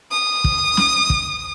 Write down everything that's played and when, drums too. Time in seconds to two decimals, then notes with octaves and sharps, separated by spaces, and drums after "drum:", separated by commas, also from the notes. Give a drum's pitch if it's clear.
0.12 D#6
0.44 drum: kick
0.77 drum: snare
1.10 drum: kick